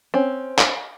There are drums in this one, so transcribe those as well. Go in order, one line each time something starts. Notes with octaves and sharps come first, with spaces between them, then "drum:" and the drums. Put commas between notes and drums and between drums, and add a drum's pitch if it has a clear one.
C4 C#4
drum: clap